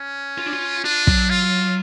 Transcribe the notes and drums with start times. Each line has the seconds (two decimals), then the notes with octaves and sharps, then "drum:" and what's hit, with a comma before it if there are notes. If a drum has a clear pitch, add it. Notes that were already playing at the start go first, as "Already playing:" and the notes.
Already playing: C#4
0.38 F4
0.46 D4
0.53 F4
0.84 D4 F4
1.07 F#3, drum: kick
1.30 F4